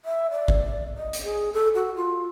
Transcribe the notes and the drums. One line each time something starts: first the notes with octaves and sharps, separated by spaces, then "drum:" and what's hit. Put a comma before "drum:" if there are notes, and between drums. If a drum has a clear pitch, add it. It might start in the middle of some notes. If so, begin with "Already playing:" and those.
E5
D5
drum: kick
D#5
drum: hi-hat
G#4
A4
F#4
F4